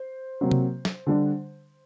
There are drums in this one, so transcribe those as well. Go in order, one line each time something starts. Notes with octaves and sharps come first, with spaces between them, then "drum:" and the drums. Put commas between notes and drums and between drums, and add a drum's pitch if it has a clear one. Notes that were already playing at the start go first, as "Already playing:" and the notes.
Already playing: C5
C3 F#3 A#3
drum: tom C3
drum: snare
D3 G3 D4